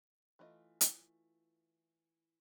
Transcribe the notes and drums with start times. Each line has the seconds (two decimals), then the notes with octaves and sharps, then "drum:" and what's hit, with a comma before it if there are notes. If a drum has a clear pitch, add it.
0.39 E3 A3 D4 F4 D#5
0.81 drum: hi-hat